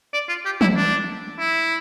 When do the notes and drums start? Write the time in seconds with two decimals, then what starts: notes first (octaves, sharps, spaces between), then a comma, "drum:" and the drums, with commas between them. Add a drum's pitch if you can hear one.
0.14 D5
0.29 F4
0.45 G4
0.61 E4, drum: tom
0.77 D4
1.39 E4